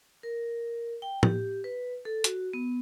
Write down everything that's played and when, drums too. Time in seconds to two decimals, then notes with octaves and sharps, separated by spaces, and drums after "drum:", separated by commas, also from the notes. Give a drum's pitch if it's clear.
0.23 A#4
1.02 G5
1.23 G4, drum: tom
1.64 B4
2.05 A4
2.24 F#4, drum: hi-hat
2.53 B3